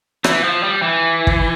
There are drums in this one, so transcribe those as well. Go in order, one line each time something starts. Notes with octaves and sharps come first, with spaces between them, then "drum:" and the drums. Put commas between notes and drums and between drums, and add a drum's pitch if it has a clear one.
E3, drum: rim click
F3
G3
E3
drum: kick